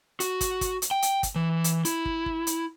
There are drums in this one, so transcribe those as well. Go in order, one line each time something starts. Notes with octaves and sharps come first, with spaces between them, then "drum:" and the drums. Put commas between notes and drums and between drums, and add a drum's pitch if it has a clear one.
F#4, drum: hi-hat
drum: kick, hi-hat
drum: kick, hi-hat
drum: hi-hat
G5
drum: hi-hat
drum: kick, hi-hat
E3
drum: hi-hat
E4, drum: hi-hat
drum: kick
drum: kick
drum: hi-hat